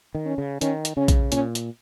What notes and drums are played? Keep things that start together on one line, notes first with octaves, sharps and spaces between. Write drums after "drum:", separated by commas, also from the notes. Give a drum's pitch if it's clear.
D#3
C#4
C#3
D#3 C#4, drum: hi-hat
drum: hi-hat
C#3 C#4
drum: kick A#1, hi-hat
A#2 C#4, drum: hi-hat
drum: hi-hat